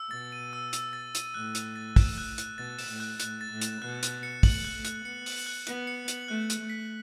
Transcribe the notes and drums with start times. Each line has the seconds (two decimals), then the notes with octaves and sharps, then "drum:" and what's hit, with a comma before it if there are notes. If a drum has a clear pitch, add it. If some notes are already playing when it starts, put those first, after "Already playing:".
Already playing: E6
0.11 B2 A6
0.32 D#7
0.53 E6
0.73 E6, drum: hi-hat
0.93 A6
1.15 D#7, drum: hi-hat
1.34 A2 F#6
1.55 F#6, drum: hi-hat
1.76 A6
1.96 E7, drum: kick, open hi-hat
2.18 F#6
2.38 F#6, drum: hi-hat
2.58 B2 A6
2.79 E7, drum: open hi-hat
2.89 A2
3.00 F#6
3.20 A2 F#6, drum: hi-hat
3.41 A6
3.51 A2
3.61 E7, drum: hi-hat
3.82 B2 F#6
4.03 F#6, drum: hi-hat
4.23 C#7
4.43 A3 F#7, drum: kick, open hi-hat
4.65 F#6
4.74 A3
4.85 F#6, drum: hi-hat
5.05 B3 C#7
5.26 F#7, drum: open hi-hat
5.46 F#6
5.67 B3 F#6, drum: hi-hat
5.87 C#7
6.08 F#7, drum: hi-hat
6.28 A3 F#6
6.50 F#6, drum: hi-hat
6.60 A3
6.70 B6